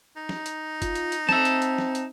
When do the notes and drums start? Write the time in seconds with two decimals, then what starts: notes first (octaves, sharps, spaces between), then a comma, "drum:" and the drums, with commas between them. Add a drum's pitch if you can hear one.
0.16 D#4
0.29 drum: snare
0.46 drum: hi-hat
0.82 F4, drum: kick, hi-hat
0.95 drum: hi-hat
1.12 drum: hi-hat
1.29 C4 E5 A5, drum: snare
1.45 drum: hi-hat
1.62 drum: hi-hat
1.78 drum: snare
1.95 drum: hi-hat